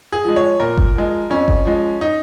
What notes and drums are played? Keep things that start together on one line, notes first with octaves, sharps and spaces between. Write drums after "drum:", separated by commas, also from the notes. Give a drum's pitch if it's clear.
G#4
F3 G#3
C#5
A#2 A#4
drum: kick G1
F3 G#3
F2 C#4
drum: kick G1
F3 G#3
D#4